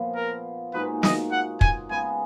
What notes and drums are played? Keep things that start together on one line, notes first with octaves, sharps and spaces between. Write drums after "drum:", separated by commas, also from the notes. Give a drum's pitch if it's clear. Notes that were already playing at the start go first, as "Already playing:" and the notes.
Already playing: A#2 F3 B3
A#4
A#2 G#3 D#4 F#4 B4
D#5, drum: snare
F#5
G#5, drum: kick
C#3 G#3 B3 G#5